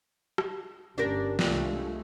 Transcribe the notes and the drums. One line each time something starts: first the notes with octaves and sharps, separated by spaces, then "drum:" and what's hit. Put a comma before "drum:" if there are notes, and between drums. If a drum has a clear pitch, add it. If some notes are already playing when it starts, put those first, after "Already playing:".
drum: rim click
G1 D2 C#4 D4 G4 A#4
C2 G#3 A3 D4 F4 G4, drum: snare